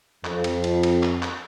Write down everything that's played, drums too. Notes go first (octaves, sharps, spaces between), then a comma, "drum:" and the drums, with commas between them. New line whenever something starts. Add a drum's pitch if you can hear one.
F2, drum: clap
drum: cymbal
drum: cymbal
drum: cymbal
drum: clap
drum: clap